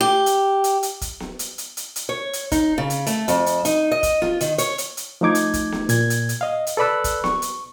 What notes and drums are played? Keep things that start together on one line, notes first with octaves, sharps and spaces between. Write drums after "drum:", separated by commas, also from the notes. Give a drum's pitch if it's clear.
G4
drum: hi-hat
drum: hi-hat
drum: hi-hat
drum: kick, hi-hat
drum: snare B3
drum: hi-hat
drum: hi-hat
drum: hi-hat
drum: hi-hat
C#5
drum: hi-hat
D#4, drum: kick, hi-hat
C#3
drum: hi-hat
A3, drum: hi-hat
F2, drum: hi-hat
drum: hi-hat
D#4, drum: hi-hat
D#5
drum: kick, hi-hat
F4, drum: snare B3
D#3, drum: hi-hat
C#5, drum: hi-hat
drum: hi-hat
drum: hi-hat
F3 A3 D#4 D6 G#6
drum: hi-hat
drum: kick, hi-hat
drum: snare B3
A#2 G#6, drum: hi-hat
drum: hi-hat
drum: hi-hat
D#5 F5
drum: hi-hat
A4 B4 D5 B5 E6 F#6
drum: kick, hi-hat
C#6, drum: snare B3
drum: hi-hat